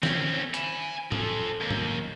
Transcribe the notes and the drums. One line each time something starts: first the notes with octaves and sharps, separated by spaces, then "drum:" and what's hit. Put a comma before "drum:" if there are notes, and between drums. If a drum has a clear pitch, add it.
C4 C#4, drum: snare
G#5 B5, drum: hi-hat
F4 A4, drum: tom
D#2
drum: tom